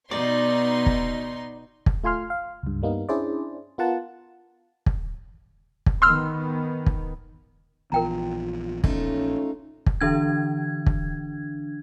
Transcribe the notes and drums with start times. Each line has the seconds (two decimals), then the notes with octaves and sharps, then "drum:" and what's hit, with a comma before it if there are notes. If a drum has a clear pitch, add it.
0.11 B2 D#4 D5 C6
0.86 drum: kick
1.86 drum: kick
2.03 A3 F4 G#5 C6 F6
2.30 F5
2.63 C#2 G2
2.82 G2 G3 A#3 B3 D#4
3.09 C#4 D4 E4 G#4 C5 D5
3.78 B3 F4 A#4 F#5 A5
4.86 drum: kick
5.86 drum: kick
6.02 D#3 B3 C6 E6 F6
6.86 drum: kick
7.92 A#1 E3 B3 F4 A#4 G5 A#5
8.84 A3 C#4 D#4 F4, drum: kick
9.86 drum: kick
10.01 D3 E3 D4 G#6
10.86 drum: kick